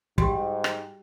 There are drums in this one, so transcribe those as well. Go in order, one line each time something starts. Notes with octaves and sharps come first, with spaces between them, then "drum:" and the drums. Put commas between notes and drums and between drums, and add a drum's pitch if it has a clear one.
G#2 G3 F#4 G4, drum: kick
drum: rim click